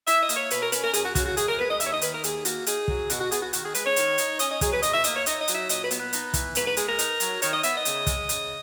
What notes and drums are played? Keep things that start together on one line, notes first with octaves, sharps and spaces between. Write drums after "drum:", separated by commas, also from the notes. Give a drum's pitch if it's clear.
E4 E5, drum: hi-hat
D#5
A#3, drum: hi-hat
C#5
B2 B4, drum: hi-hat
A#4
C#4 B4, drum: hi-hat
A#4
F#2 G#4, drum: hi-hat
F#4
C#3 F#4, drum: kick, hi-hat
F#4
F#2 G#4, drum: hi-hat
A#4
G#3 B4
D#5
D#2 E5, drum: hi-hat
C#5
D#5
D#3 B4, drum: hi-hat
A#4
D#2 G#4, drum: hi-hat
A#3 F#4, drum: hi-hat
D#4 G#4, drum: hi-hat
F#3, drum: kick
B2 F#4, drum: hi-hat
F#4
B3 G#4, drum: hi-hat
F#4
D#3 F#4, drum: hi-hat
G#4
G#3 B4, drum: hi-hat
C#5
D#3, drum: hi-hat
D#4, drum: hi-hat
C#4 D#5, drum: hi-hat
D#5
F#3 G#4, drum: kick, hi-hat
B4
B2 D#5, drum: hi-hat
E5
A#3 D#5, drum: hi-hat
C#5
D#4 D#5, drum: hi-hat
D#5
F#3, drum: hi-hat
E5
A#2 D#5, drum: hi-hat
B4
B3, drum: hi-hat
B4
D#4, drum: hi-hat
E3, drum: kick, hi-hat
G#2 B4, drum: hi-hat
B4
G#3 G#4, drum: hi-hat
A#4
D#4, drum: hi-hat
F#3, drum: hi-hat
D#3 C#5, drum: hi-hat
D#5
B3 E5, drum: hi-hat
D#5
C#3, drum: hi-hat
G#3, drum: kick, hi-hat
C#3, drum: hi-hat